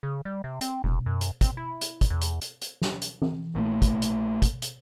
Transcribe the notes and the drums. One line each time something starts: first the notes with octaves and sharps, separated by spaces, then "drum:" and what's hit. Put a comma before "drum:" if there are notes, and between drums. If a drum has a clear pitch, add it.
C#3
G3
C3
C4, drum: hi-hat
F1, drum: tom B2
F#2
drum: hi-hat
C4, drum: kick, hi-hat
E4
drum: hi-hat
drum: kick, hi-hat
E2
drum: hi-hat
drum: hi-hat
drum: hi-hat
drum: snare
drum: hi-hat
drum: tom E3
A#1 A#2 A3
drum: kick, hi-hat
drum: hi-hat
drum: kick, hi-hat
drum: hi-hat